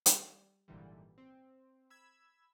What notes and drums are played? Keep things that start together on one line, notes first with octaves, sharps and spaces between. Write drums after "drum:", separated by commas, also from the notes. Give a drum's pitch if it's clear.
G3, drum: hi-hat
G#1 A#2 D3 E3 G3
C4
B5 E6 G#6